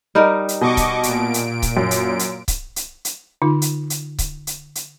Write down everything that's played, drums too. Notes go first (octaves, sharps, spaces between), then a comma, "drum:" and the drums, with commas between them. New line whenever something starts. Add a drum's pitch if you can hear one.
G3 D#4 A#4
drum: hi-hat
B2 D#5 C#6 D6
drum: kick C#1, hi-hat
A#2 D7, drum: hi-hat
drum: hi-hat
drum: kick C#1, hi-hat
F#2
drum: hi-hat
drum: hi-hat
drum: kick C#1, hi-hat
drum: hi-hat
drum: hi-hat
D3 D#4 F4
drum: hi-hat
drum: hi-hat
drum: kick C#1, hi-hat
drum: hi-hat
drum: hi-hat